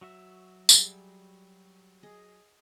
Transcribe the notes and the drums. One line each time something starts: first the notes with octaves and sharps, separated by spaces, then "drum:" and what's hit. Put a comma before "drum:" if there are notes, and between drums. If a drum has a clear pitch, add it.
F#3 F#4 E5
G3 G#4, drum: tambourine
G#4 D#5